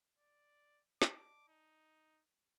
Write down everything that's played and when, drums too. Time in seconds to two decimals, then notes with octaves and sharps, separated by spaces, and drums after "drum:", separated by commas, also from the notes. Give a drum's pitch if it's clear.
0.18 D5
1.02 D5 D#5 A5 D6, drum: snare
1.48 D#4